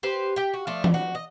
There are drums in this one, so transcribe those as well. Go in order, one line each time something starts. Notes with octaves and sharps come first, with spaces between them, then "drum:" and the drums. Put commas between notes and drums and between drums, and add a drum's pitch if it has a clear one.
G4 B4 C5
G4 G5
F#4
F3 A3 D4
drum: tom
F#4
D#5